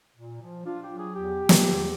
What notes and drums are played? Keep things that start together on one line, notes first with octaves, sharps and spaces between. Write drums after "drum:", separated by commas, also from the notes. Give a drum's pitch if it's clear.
A#2
F3
D4 F4
G4
F#3
G#4
E2 G4
B2
drum: snare
E2